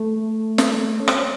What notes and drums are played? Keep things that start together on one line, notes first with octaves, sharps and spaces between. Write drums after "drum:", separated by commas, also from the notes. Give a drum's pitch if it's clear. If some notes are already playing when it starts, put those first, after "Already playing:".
Already playing: A3
drum: snare
C#4
C4, drum: rim click
C#4